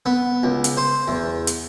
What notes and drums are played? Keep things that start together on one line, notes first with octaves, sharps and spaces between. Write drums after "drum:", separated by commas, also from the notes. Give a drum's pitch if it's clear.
B3
C#2
drum: hi-hat
C5
E2
drum: hi-hat